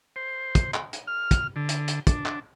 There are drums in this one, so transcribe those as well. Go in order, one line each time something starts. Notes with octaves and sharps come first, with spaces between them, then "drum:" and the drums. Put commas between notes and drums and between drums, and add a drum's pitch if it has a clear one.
C5
drum: kick, hi-hat
drum: clap
drum: hi-hat
F6
drum: kick, hi-hat
D3
drum: hi-hat
drum: hi-hat
D4, drum: kick, hi-hat
drum: clap